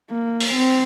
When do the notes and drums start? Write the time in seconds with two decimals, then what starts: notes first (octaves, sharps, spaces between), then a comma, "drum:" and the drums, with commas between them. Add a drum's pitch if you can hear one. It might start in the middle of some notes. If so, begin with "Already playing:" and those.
0.10 A#3
0.40 drum: open hi-hat
0.54 C4